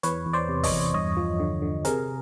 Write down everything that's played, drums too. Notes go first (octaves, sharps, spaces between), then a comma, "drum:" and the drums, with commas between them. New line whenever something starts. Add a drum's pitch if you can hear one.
E2 B4 C#5, drum: hi-hat
E2
C5 D5
C3
C#5 D#5, drum: kick, open hi-hat
E2
G2 C#5 D#5
F3
D3
D3
C3 G#4 A#4, drum: hi-hat